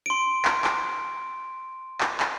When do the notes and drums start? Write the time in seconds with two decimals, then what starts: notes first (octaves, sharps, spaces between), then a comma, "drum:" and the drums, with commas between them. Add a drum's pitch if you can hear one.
0.06 C6 D7
0.45 drum: clap
0.64 drum: clap
2.01 drum: clap
2.20 drum: clap